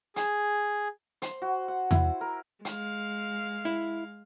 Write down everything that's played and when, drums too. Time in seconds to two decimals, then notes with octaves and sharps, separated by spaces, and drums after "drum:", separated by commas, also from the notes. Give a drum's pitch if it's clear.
0.16 G#4, drum: hi-hat
1.22 C5, drum: hi-hat
1.42 F#4
1.68 F#5
1.91 E4, drum: tom E2
2.21 A#4
2.65 G#3 F5, drum: hi-hat
3.65 E4